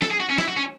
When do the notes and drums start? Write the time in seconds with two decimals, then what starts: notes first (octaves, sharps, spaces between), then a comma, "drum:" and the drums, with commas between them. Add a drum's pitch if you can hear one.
0.02 A4, drum: snare
0.11 G#4
0.20 F#4
0.30 C#4
0.38 E4, drum: snare
0.48 F#4
0.57 C#4